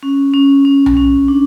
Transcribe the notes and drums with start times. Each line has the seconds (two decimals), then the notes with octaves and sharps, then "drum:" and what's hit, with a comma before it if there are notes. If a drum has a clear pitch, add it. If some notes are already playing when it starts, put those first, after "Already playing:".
0.03 C#4
0.34 C#4
0.65 C#4
0.86 drum: tom B1
0.97 C#4
1.28 D4